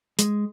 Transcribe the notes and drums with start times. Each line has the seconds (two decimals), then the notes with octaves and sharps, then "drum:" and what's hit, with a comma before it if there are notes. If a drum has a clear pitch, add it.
0.19 G#3, drum: hi-hat